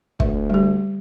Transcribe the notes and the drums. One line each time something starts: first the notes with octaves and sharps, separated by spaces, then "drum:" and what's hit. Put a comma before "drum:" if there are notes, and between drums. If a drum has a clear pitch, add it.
D2 D3 E5, drum: kick
G3 G4